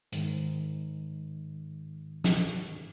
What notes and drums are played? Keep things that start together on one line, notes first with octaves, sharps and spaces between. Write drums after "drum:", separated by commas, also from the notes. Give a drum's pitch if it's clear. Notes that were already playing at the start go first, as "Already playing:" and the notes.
G#2 D#3, drum: hi-hat
drum: snare